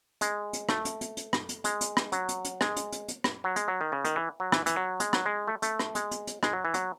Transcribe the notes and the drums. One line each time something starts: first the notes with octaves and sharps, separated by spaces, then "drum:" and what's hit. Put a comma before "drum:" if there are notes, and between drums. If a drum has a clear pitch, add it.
G#3, drum: hi-hat
drum: hi-hat
A3, drum: rim click
drum: hi-hat
drum: hi-hat
drum: hi-hat
drum: rim click
drum: hi-hat
G#3, drum: hi-hat
drum: hi-hat
drum: rim click
F#3, drum: hi-hat
drum: hi-hat
drum: hi-hat
G#3, drum: rim click
drum: hi-hat
drum: hi-hat
drum: hi-hat
drum: rim click
F#3
G#3, drum: hi-hat
F#3
D#3
C#3
D#3, drum: hi-hat
E3
F#3
E3, drum: rim click
E3, drum: hi-hat
F#3
G#3, drum: hi-hat
F#3, drum: rim click
G#3
A3
A3, drum: hi-hat
drum: rim click
G#3, drum: hi-hat
drum: hi-hat
drum: hi-hat
G#3, drum: rim click
F#3
E3
F#3, drum: hi-hat